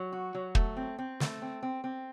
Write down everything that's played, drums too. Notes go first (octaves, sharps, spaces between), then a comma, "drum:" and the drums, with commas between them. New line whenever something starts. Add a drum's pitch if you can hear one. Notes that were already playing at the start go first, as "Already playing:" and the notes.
Already playing: F#3
F#4
F#3
A3, drum: kick
C4
C4
A3, drum: snare
C4
C4
C4